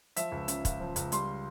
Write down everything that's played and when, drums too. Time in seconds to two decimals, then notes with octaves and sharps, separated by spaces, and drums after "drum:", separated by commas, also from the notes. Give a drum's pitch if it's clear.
0.16 F3 E5, drum: hi-hat
0.32 C#2
0.48 C#3, drum: hi-hat
0.65 C#2, drum: kick, hi-hat
0.80 F3
0.96 C#2, drum: hi-hat
1.12 G3 C6, drum: hi-hat